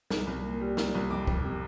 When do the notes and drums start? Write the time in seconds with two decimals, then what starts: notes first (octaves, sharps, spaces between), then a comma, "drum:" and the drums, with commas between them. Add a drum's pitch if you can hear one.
0.10 C2, drum: snare
0.27 C2
0.44 A#2
0.61 G3
0.77 C2, drum: snare
0.95 C2
1.11 F2 D6
1.27 F2, drum: kick
1.44 C3